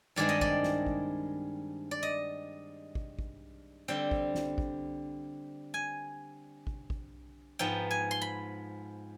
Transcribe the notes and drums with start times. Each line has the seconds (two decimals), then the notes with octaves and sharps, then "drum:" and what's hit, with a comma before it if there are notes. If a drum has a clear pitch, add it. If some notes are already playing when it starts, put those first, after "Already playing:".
0.16 G2 D#3 G#3 C4 D5
0.29 D#5
0.41 D5, drum: kick
0.63 drum: snare
0.86 drum: kick
1.91 D5
2.03 D#5
2.95 drum: kick
3.19 drum: kick
3.88 D3 G3 C4 G5
4.11 drum: kick
4.35 drum: snare
4.58 drum: kick
5.74 G#5
6.67 drum: kick
6.90 drum: kick
7.59 G#2 F3 B3 G5
7.91 G#5
8.11 C6
8.21 B5